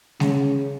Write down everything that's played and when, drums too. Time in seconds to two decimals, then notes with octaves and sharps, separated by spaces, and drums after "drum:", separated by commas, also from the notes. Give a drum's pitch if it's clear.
0.20 C#3, drum: snare G#3